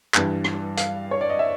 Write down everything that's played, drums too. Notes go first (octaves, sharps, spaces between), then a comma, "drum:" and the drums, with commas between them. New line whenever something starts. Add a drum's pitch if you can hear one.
G2 E3 G3, drum: clap
drum: rim click
F5, drum: hi-hat
C#5
D5
D#5
E5